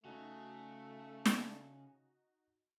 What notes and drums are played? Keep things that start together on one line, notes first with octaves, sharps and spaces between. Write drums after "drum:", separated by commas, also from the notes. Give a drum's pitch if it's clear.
C#3 A3 D#4 F#4
drum: snare